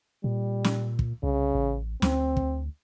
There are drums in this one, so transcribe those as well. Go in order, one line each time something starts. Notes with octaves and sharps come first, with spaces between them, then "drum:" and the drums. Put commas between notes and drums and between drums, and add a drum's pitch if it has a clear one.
A#2 G3
drum: snare
drum: kick
C2 C#3
A1
D2 C4, drum: snare
drum: kick